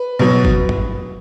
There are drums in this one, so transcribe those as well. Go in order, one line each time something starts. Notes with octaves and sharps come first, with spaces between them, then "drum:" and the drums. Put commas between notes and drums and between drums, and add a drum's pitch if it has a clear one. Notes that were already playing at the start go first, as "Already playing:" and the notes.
Already playing: B4
B2 F#3
drum: kick
drum: tom G2